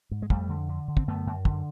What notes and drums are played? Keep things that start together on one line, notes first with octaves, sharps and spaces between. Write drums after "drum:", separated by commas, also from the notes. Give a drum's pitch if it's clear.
G#2
G#3
F2 G3 A3, drum: kick
D3
D3
D3
C4, drum: kick
F#2 A3 B3
F#2
D3, drum: kick